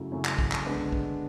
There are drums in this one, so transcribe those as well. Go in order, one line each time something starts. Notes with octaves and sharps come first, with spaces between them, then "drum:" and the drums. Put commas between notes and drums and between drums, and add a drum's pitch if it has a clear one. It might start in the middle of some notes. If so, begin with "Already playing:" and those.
Already playing: F#2 C#3 F#3 A3 E4
F#2 C#3 F#3 A3 E4
drum: clap
drum: kick B1
drum: clap
D3 G#3 B3 D4
drum: kick B1